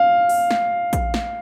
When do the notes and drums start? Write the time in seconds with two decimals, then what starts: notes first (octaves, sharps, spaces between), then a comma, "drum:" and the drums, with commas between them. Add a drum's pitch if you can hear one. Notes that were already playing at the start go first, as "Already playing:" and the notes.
Already playing: F5
0.29 drum: open hi-hat
0.51 drum: snare
0.93 drum: kick A#1, hi-hat
1.14 drum: snare